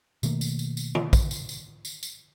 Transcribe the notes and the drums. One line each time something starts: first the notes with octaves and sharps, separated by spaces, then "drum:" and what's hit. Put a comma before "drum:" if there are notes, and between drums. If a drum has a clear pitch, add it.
B2 D#3 A3 A#3, drum: tambourine
drum: tambourine
drum: tambourine
drum: tambourine
drum: tom
drum: kick, tambourine
drum: tambourine
drum: tambourine
drum: tambourine
drum: tambourine